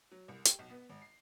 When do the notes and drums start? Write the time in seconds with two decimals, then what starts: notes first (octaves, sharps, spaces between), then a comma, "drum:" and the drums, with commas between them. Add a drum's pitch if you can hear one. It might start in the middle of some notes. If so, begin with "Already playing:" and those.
0.11 F#3
0.28 C2
0.45 G4, drum: hi-hat
0.59 B1
0.70 B3
0.89 G#1
1.02 C7